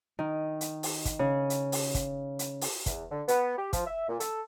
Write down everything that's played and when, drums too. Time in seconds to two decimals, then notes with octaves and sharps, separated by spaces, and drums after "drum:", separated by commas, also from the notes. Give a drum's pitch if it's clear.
0.19 D#3
0.61 drum: hi-hat
0.83 drum: open hi-hat
1.05 drum: kick, hi-hat
1.19 C#3
1.50 drum: hi-hat
1.72 drum: open hi-hat
1.95 drum: kick, hi-hat
2.39 drum: hi-hat
2.61 drum: open hi-hat
2.86 E2, drum: kick, hi-hat
3.11 D3
3.28 B3, drum: hi-hat
3.58 G4
3.73 F3, drum: kick, hi-hat
3.87 E5
4.09 A#2
4.20 A4, drum: hi-hat